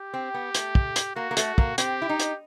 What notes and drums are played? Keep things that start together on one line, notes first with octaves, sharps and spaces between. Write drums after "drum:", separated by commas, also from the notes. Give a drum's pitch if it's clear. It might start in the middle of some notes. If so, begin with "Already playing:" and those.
Already playing: G4
C4
B3
A3, drum: hi-hat
drum: kick
drum: hi-hat
A#3 F#4
A#3
A3, drum: hi-hat
A#3, drum: kick
C4 G4, drum: hi-hat
E4
D#4
drum: hi-hat